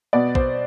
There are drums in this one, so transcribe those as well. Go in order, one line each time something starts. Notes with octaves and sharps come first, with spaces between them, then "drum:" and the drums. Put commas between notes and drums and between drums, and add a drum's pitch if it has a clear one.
B2 B3 D5
C5, drum: kick A#1